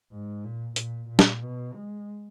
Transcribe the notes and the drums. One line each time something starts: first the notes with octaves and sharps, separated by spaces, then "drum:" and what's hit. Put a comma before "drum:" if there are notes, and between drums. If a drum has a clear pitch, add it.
G#2
A#2
A#2, drum: hi-hat
A#2
drum: snare
B2
G#3